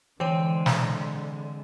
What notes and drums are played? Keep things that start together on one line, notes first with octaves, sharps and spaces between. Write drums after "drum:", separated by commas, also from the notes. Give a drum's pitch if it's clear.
D3 E3 G#3 C4 C#5 D#7
drum: snare